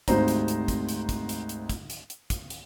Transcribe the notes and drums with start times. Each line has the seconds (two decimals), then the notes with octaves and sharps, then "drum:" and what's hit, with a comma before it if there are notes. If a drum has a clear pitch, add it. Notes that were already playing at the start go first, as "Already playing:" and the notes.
0.08 G#1 D2 C3 D#4 C5 A#5, drum: kick, hi-hat
0.28 drum: hi-hat
0.48 drum: hi-hat
0.68 drum: kick, hi-hat
0.89 drum: hi-hat
1.09 drum: kick, hi-hat
1.29 drum: hi-hat
1.49 drum: hi-hat
1.69 drum: kick, hi-hat
1.90 drum: hi-hat
2.10 drum: hi-hat
2.30 drum: kick, hi-hat
2.50 drum: hi-hat